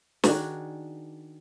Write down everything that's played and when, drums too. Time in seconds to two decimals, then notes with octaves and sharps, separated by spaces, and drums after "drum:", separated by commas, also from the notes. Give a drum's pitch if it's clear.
0.24 D#3 D4 F#4 G#4, drum: snare